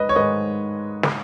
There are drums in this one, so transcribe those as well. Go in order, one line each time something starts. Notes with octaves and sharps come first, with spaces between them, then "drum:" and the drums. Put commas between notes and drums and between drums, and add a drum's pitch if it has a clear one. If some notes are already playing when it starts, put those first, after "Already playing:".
Already playing: G#2 G#3 B4 D#5
C#5
G#2 D#3 G#3 B4 D#5
drum: snare